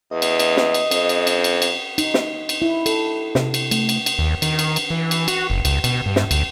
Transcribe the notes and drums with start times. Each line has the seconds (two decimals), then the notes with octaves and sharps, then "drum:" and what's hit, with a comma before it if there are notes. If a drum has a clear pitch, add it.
0.11 E2 D#5
0.22 drum: cymbal
0.39 drum: cymbal
0.57 drum: snare
0.74 drum: cymbal
0.91 F2, drum: cymbal
1.09 drum: cymbal
1.27 drum: cymbal
1.44 drum: cymbal
1.62 drum: cymbal
1.98 D#4, drum: cymbal
2.14 drum: snare
2.49 drum: cymbal
2.62 E4
2.86 A4, drum: cymbal
3.35 C3, drum: snare
3.54 drum: cymbal
3.71 A3, drum: cymbal
3.89 drum: cymbal
4.06 drum: cymbal
4.19 D#2
4.42 D#3, drum: cymbal
4.59 drum: cymbal
4.76 drum: cymbal
4.90 E3
5.11 drum: cymbal
5.28 F#4, drum: cymbal
5.50 F#1
5.65 C#2, drum: cymbal
5.84 B2, drum: cymbal
6.06 G2
6.16 drum: snare
6.31 D2, drum: cymbal